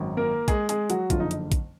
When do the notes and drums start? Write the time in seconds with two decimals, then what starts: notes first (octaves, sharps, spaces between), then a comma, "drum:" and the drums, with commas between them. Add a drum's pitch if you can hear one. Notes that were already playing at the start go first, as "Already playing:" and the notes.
Already playing: G#1 F#2 D#3
0.17 A#3 A#4
0.48 G#3 G#4, drum: kick, hi-hat
0.69 G#3 G#4, drum: hi-hat
0.90 F#3 F#4, drum: hi-hat
1.10 F#1 F2 D3 F3 F4, drum: kick, hi-hat
1.20 D#4
1.31 drum: hi-hat
1.52 drum: kick, hi-hat